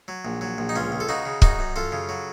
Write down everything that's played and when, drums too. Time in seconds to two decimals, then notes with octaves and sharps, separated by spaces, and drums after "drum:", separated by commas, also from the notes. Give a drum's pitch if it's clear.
0.08 F#3
0.25 A#1
0.41 F#3
0.58 A#1
0.69 D#4
0.75 C#2 C#4 F4
0.92 C#2
1.00 A4
1.09 C#3 D#4 F#4
1.25 C#3
1.42 F#2 D#4 F#4, drum: kick
1.59 F#2
1.76 F#2 F4 A4
1.92 C#3
2.09 F#3